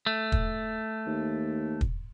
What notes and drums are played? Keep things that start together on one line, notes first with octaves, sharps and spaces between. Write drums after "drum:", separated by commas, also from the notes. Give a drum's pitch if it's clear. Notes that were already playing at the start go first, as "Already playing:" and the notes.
A3
drum: kick
D#2
drum: kick